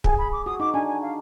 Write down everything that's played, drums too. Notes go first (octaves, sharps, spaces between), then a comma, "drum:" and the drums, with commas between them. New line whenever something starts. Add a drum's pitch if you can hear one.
G#4 G#5, drum: kick
B5
D6
F#4 D#6
D#4 D6
D4 G#5
G#5
F5